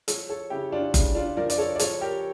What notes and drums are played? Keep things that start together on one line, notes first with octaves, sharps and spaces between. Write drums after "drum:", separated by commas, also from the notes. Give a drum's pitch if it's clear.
F3 A4 C#5, drum: hi-hat
A4 C#5
C#3 E4 G4
D4 F4
C#3, drum: kick F#1, hi-hat
D4 F4
F3 A#4 D5
D5, drum: hi-hat
A4 C#5
D5
F3 A4 C#5, drum: hi-hat
G4 A#4